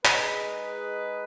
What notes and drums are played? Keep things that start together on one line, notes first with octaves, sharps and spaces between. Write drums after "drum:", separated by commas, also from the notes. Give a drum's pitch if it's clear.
G#3 D#4 G#4 B4, drum: clap